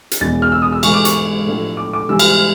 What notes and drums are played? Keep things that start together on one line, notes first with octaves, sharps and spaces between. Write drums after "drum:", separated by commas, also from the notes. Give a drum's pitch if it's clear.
drum: hi-hat
E1 E2 B2 A6
F6
E6
D#6
E6
G#2 E3 A3 C#6, drum: cymbal
D6
C#6, drum: hi-hat
A2 F3 A3 D4
D6
D6
G#2 E3 G3 E6
F6, drum: cymbal
F6